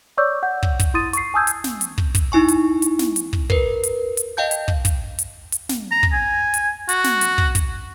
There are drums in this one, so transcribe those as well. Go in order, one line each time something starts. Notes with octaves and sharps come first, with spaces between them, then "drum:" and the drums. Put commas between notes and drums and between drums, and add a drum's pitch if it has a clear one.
C#5 D5 C#6 D6 E6 G6
F#5 G6
drum: kick
drum: kick, hi-hat
E4 C6 D#6 A6 D#7
C#6 C7, drum: hi-hat
G#5 A5 D#6 E6 G6 G#6
drum: hi-hat
drum: snare
drum: hi-hat
drum: kick
drum: kick, hi-hat
D#4 E4 G#5 C#6
drum: hi-hat
drum: hi-hat
drum: snare
drum: hi-hat
drum: kick
A#4 B4, drum: kick
drum: hi-hat
drum: hi-hat
D#5 F5 G5 A5 G6
drum: hi-hat
drum: kick
drum: kick, hi-hat
drum: hi-hat
drum: hi-hat
drum: snare
A#5
drum: kick
G#5
drum: hi-hat
F#4, drum: hi-hat
drum: snare
drum: hi-hat
drum: kick
drum: kick, hi-hat